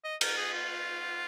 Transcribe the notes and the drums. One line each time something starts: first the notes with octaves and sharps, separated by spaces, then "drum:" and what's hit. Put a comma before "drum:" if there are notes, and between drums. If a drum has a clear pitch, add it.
D#5
A#4, drum: cymbal
G#4
F4